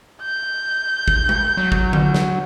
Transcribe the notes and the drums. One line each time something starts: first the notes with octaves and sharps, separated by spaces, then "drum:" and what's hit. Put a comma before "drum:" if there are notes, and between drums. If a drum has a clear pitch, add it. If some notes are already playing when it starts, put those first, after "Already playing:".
G6
drum: kick G#1
drum: tom G#3
F#3
drum: kick G#1
drum: tom D3
drum: snare